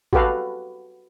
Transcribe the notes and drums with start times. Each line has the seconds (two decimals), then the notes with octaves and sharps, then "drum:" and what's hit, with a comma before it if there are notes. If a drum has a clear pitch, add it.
0.13 F#4 G4 A4 B4 F5, drum: kick